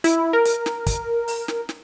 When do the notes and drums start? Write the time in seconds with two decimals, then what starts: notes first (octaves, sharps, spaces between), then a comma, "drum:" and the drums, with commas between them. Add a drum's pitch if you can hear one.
0.04 E4, drum: hi-hat
0.33 A#4
0.45 drum: hi-hat
0.66 drum: snare
0.86 drum: kick, hi-hat
1.28 drum: open hi-hat
1.48 drum: snare
1.69 drum: snare